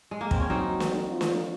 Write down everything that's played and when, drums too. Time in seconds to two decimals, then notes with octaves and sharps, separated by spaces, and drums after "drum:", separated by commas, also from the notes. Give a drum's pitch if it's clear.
0.11 G#3
0.21 A#3
0.31 C4, drum: kick
0.40 C#4
0.50 F#3 C4 D#4
0.80 drum: snare
1.11 F3
1.21 drum: snare
1.36 F3